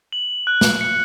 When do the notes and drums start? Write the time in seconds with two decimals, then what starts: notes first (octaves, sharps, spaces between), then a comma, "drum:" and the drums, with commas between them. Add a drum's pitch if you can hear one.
0.13 F#7
0.47 F#6
0.61 drum: snare
0.81 C#7